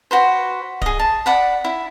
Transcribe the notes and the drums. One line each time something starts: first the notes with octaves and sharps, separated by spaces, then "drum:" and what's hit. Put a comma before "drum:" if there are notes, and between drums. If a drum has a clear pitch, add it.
F#4 B4 C5
G#4 D#5, drum: kick D1
A5
D5 F#5 B5
E4